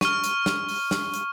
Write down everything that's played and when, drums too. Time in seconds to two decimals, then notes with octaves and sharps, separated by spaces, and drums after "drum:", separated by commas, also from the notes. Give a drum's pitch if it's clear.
0.01 C#6 F6, drum: snare
0.24 drum: hi-hat
0.46 drum: snare
0.69 drum: open hi-hat
0.91 drum: snare
1.14 drum: hi-hat